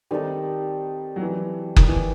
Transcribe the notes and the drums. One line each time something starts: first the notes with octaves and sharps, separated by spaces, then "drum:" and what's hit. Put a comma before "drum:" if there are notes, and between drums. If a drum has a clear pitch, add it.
D#3 G3 C4 D#4 A4
F#3
E3
D#3, drum: kick F#1
E3